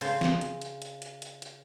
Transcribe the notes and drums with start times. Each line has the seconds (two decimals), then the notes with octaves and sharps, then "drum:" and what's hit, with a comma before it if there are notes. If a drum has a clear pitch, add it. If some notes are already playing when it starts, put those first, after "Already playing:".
0.01 C#3 C5 A5, drum: open hi-hat
0.21 drum: snare
0.41 drum: hi-hat
0.62 drum: hi-hat
0.82 drum: hi-hat
1.02 drum: hi-hat
1.22 drum: hi-hat
1.42 drum: hi-hat